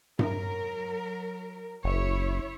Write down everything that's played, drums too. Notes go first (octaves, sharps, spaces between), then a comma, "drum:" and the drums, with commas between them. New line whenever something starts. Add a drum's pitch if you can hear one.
F#3 A#4, drum: tom G2
F#1 E4 C#5